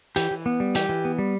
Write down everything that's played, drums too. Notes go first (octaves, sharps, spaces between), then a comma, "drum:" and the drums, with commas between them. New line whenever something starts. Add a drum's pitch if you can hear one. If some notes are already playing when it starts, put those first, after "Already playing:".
E3 G4, drum: hi-hat
E3
B3
G3
E3 G4, drum: hi-hat
E3
B3
G3